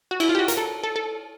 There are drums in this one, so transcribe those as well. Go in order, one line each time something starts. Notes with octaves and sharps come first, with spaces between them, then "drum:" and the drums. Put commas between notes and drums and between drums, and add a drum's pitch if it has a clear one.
F#4
E4, drum: cymbal
F4
G4
F#4
A#4, drum: hi-hat
A4
A4
A4